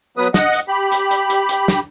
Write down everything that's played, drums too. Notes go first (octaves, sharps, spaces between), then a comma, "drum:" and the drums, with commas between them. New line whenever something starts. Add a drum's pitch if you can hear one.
F#3 B3 B4 D#6
D#5 F#5, drum: snare
drum: hi-hat
G4 B5
drum: hi-hat
drum: hi-hat
drum: hi-hat
drum: hi-hat
drum: snare